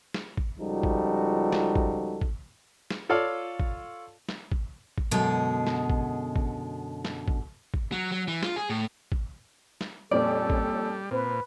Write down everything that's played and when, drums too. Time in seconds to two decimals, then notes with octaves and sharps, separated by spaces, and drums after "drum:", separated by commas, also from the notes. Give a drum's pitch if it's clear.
0.14 drum: snare
0.37 drum: kick
0.60 C#2 F3 G3 D#4 F#4 A4
0.83 drum: kick
1.52 drum: snare
1.75 drum: kick
2.21 drum: kick
2.91 drum: snare
3.09 F4 A4 C#5 D5 F5
3.60 drum: kick
4.29 drum: snare
4.52 drum: kick
4.98 drum: kick
5.11 F#2 B2 D3 G#3 G#4
5.67 drum: snare
5.90 drum: kick
6.36 drum: kick
7.05 drum: snare
7.28 drum: kick
7.74 drum: kick
7.92 F#3
8.12 F#3
8.28 E3
8.43 F4, drum: snare
8.56 G#4
8.70 A2
9.12 drum: kick
9.81 drum: snare
10.11 F2 A#2 G3 C#4 A4 D5
10.50 drum: kick
11.11 A#2 C4 B4